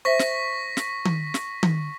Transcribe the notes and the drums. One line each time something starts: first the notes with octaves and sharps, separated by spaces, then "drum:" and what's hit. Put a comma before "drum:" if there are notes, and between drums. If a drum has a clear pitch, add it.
C5 E5 C#6 A#6 B6
drum: snare
drum: snare
drum: tom D#3
drum: snare
drum: tom D#3